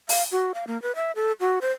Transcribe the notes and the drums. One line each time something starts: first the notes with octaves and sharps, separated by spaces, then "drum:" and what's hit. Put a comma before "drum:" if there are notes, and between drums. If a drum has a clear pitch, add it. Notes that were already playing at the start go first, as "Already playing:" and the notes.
F5, drum: open hi-hat
F#4
F5
A#3
B4
E5
A4
F#4
C5